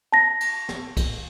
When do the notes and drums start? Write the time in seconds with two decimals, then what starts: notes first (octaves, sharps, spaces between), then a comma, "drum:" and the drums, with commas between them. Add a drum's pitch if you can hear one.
0.12 A5 A#6
0.41 drum: cymbal
0.69 drum: snare
0.97 drum: kick B1, cymbal